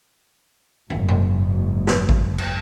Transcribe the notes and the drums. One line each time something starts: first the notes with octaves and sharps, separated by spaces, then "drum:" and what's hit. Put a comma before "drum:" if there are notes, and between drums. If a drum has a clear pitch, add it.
F#1 G#2, drum: tom
drum: tom B2
drum: snare
drum: kick G#1
drum: cymbal